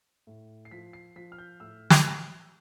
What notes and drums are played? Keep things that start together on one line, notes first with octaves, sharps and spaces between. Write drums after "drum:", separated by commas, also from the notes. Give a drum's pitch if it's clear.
A2
C7
F3 B6
C7
F3 B6
F6
G6
A2 E6
drum: snare